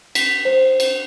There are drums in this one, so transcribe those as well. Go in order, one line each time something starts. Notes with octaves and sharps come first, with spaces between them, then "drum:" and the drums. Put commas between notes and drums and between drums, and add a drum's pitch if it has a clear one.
B6, drum: cymbal
C5
drum: cymbal